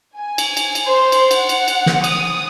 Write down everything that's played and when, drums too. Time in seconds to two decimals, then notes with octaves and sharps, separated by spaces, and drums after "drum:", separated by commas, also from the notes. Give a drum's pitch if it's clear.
0.17 G#5
0.38 drum: cymbal
0.57 drum: cymbal
0.75 drum: cymbal
0.88 C5
1.12 drum: cymbal
1.31 F#5, drum: cymbal
1.49 drum: cymbal
1.68 drum: cymbal
1.86 drum: snare
2.04 D#6, drum: cymbal